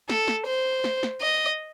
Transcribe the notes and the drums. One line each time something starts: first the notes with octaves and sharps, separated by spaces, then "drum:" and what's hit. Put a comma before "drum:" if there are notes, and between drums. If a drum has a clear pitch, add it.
A4, drum: snare
drum: snare
C5
drum: snare
drum: snare
D#5